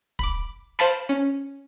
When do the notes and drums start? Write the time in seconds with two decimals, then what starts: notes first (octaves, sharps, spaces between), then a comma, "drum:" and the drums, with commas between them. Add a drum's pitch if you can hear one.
0.19 B5 D6, drum: kick
0.79 C5 F5 A5 B5, drum: snare
1.09 C#4